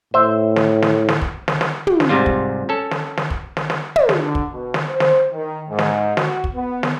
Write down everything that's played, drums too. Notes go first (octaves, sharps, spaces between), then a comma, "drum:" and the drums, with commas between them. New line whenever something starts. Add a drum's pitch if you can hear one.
A2 C5 E5
drum: snare
drum: snare
drum: snare
drum: kick
drum: snare
drum: snare
drum: tom
drum: snare
G#2 C3 G3 F4
drum: kick
C#4 A4
drum: snare
drum: snare
drum: kick
drum: snare
drum: snare
drum: tom
drum: snare
D3
drum: kick
B2
drum: snare
C5
drum: snare
D#3
G#2
drum: snare
F#4, drum: snare
drum: kick
B3
drum: snare